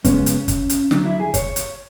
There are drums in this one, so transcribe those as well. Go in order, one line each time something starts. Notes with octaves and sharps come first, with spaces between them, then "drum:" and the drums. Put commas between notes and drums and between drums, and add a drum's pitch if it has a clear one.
F#2 C#3 G#3 B3 C#4, drum: kick, hi-hat
drum: hi-hat
drum: kick, hi-hat
drum: hi-hat
D2 D3 F#3 D4, drum: snare
E4
G#4
C#5, drum: kick, hi-hat
drum: hi-hat